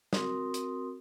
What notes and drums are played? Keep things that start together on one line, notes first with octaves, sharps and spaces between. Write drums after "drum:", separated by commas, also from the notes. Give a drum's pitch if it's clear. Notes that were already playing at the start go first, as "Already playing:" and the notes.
C4 F#4 A#4 C6 D#6, drum: snare
drum: hi-hat